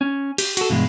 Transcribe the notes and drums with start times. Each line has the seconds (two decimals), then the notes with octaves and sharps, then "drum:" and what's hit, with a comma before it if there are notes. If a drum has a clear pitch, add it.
0.01 C#4
0.38 G4, drum: cymbal
0.57 F#4 A4, drum: cymbal
0.70 G2 B2 E3 G#3